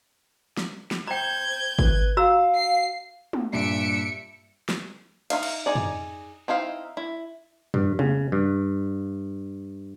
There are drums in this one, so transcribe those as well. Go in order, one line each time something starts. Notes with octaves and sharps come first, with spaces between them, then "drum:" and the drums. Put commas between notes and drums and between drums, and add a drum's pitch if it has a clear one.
drum: snare
drum: snare
C5 G5 A#5 G6 G#6
B4, drum: kick G#1
F#4 F5 A#5 E6
C7
drum: tom
G2 A#2 E5 C#7 D7
drum: snare
D#4 E4 E5 F5, drum: cymbal
drum: cymbal
D#4 G#4 D5
drum: tom
C4 D#4 E4 F5
E4
G2, drum: tom
C#3, drum: tom
G2